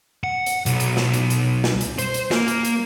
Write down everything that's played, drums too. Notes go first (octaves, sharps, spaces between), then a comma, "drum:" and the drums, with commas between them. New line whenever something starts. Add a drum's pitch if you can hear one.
F#5
drum: hi-hat
B1, drum: hi-hat
drum: hi-hat
drum: snare
drum: hi-hat
drum: hi-hat
drum: snare
drum: hi-hat
C5, drum: hi-hat
drum: hi-hat
A#3, drum: snare
drum: hi-hat
drum: hi-hat